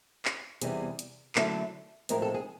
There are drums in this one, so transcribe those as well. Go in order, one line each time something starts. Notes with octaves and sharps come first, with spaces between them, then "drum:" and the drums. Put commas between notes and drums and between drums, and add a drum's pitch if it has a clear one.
drum: clap
E2 C3 E3 G3 B3 G#4, drum: hi-hat
drum: hi-hat
D3 F#3 A3 C#4 E4 A4, drum: clap
A2 F3 G#3 C4 A#4, drum: hi-hat
A4
G#4